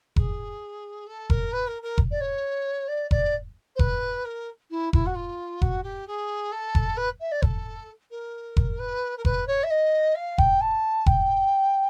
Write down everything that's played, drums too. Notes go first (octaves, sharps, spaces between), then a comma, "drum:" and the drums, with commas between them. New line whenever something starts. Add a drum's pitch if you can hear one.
G#4, drum: kick F1
A4
A#4, drum: kick F1
B4
A#4
A#4
drum: kick F1
D5
C#5
D5
D5, drum: kick F1
C5
B4, drum: kick F1
A#4
E4
E4, drum: kick F1
F#4
F4
F#4, drum: kick F1
G4
G#4
A4
drum: kick F1
B4
E5
D5
A4, drum: kick F1
A#4
drum: kick F1
B4
A#4
B4, drum: kick F1
C#5
E5
D#5
F5
G5, drum: kick F1
A5
G5, drum: kick F1